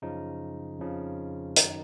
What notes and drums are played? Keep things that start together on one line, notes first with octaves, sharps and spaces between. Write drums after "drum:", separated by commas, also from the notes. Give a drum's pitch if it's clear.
F#2 C#3 F3 D#4
F2 C#3 F3
F#2 D#3 F#3 D#4, drum: hi-hat